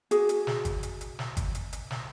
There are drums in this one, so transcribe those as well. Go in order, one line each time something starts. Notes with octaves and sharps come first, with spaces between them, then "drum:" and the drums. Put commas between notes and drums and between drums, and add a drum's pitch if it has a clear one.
F#4 G#4, drum: hi-hat
drum: hi-hat
drum: snare
drum: kick, hi-hat
drum: hi-hat
drum: hi-hat
drum: snare
drum: kick, hi-hat
drum: hi-hat
drum: hi-hat
drum: snare